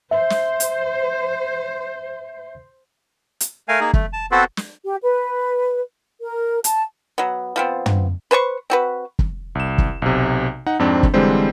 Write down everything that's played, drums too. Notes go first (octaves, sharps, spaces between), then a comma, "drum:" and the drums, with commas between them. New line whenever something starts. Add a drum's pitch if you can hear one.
C5 E5
drum: snare
drum: hi-hat
drum: hi-hat
A3 A#4 F5 G#5
A#3 D#4 G#4
A3, drum: kick
A5
B3 C4 F#4 A4 B4 C5
drum: snare
G4
B4
A#4
A5, drum: hi-hat
F#3 B3
F3 B3 C4
drum: tom
B4 C5 G#5 C#6
C4 F#4 B4
drum: kick
C2 E7
drum: kick
B1 C3
D#4 F#5
F2 G#2 C4 D4
drum: kick
D3 E3 G3 G#3 C4 C5